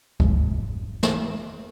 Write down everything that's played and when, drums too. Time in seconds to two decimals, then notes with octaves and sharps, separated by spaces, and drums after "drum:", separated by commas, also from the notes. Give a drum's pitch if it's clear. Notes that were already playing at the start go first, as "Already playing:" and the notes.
0.20 F1 G#2, drum: kick
1.03 drum: snare